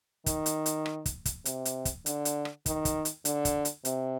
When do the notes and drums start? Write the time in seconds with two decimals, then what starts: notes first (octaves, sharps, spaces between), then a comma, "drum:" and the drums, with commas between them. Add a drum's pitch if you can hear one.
0.26 D#3, drum: kick, hi-hat
0.46 drum: hi-hat
0.66 drum: hi-hat
0.86 drum: rim click
1.06 drum: kick, hi-hat
1.25 drum: kick, hi-hat
1.45 C3, drum: hi-hat
1.65 drum: hi-hat
1.85 drum: kick, hi-hat
2.06 D3, drum: hi-hat
2.25 drum: hi-hat
2.45 drum: rim click
2.66 D#3, drum: kick, hi-hat
2.85 drum: kick, hi-hat
3.05 drum: hi-hat
3.25 D3, drum: hi-hat
3.45 drum: kick, hi-hat
3.65 drum: hi-hat
3.85 C3, drum: hi-hat